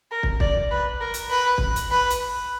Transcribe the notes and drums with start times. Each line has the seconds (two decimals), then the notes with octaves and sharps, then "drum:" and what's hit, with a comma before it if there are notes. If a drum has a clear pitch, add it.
0.11 A#4
0.23 drum: kick
0.40 D5, drum: kick
0.71 B4
1.01 A#4
1.14 drum: hi-hat
1.30 B4
1.58 drum: kick
1.76 drum: hi-hat
1.91 B4
2.10 drum: hi-hat